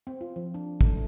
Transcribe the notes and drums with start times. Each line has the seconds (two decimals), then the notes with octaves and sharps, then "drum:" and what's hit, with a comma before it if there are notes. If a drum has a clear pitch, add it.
0.07 C4
0.21 F4
0.36 F3
0.54 D4
0.81 A3, drum: kick